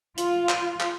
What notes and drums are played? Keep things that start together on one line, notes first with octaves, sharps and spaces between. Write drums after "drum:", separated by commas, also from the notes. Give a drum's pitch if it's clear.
F4, drum: hi-hat
drum: clap
drum: clap